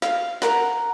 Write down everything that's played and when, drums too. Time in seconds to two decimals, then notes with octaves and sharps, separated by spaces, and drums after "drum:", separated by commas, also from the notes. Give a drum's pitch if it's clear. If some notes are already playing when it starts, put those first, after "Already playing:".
0.02 F5, drum: snare
0.42 A#4 F#5, drum: snare